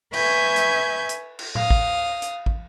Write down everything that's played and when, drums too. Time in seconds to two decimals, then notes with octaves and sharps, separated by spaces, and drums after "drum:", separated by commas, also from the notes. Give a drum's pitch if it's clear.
0.14 B4 E5 G#5 C#6 G6 G#6, drum: cymbal
0.56 drum: hi-hat
1.09 drum: hi-hat
1.39 drum: cymbal
1.55 F5 D#6, drum: tom A2
1.70 drum: kick
2.22 drum: hi-hat
2.46 drum: kick